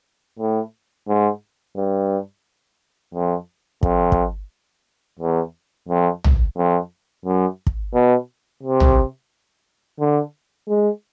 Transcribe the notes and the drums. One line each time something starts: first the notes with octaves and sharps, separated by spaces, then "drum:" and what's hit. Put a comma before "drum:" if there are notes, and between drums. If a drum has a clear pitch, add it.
A2
G#2
G2
F2
F2, drum: kick
drum: kick
E2
F2
drum: tom A#1
F2
F#2
drum: kick
B2
C3
drum: tom A#1
D3
G#3